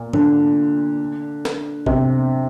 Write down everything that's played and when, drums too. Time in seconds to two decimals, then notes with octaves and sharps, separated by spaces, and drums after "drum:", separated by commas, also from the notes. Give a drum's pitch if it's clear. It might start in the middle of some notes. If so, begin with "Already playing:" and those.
Already playing: A#2
0.13 D3, drum: tom G#2
1.45 drum: snare
1.86 C3, drum: kick G#1